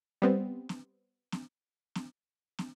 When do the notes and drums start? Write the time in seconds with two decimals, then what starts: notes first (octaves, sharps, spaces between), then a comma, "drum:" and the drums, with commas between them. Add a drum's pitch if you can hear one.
0.22 G3 B3 C4
0.69 drum: snare
1.32 drum: snare
1.95 drum: snare
2.59 drum: snare